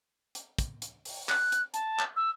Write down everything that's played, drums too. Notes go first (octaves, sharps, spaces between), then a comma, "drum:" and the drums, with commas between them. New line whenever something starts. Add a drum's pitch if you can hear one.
drum: hi-hat
drum: kick, hi-hat
drum: hi-hat
drum: open hi-hat
F#6, drum: clap
drum: hi-hat
A5, drum: hi-hat
drum: clap
E6